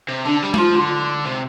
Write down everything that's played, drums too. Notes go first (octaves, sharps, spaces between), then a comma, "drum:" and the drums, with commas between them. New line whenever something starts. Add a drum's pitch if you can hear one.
C3
D3 D4
G3
G3, drum: tom G#3
F3 F4
D3
C3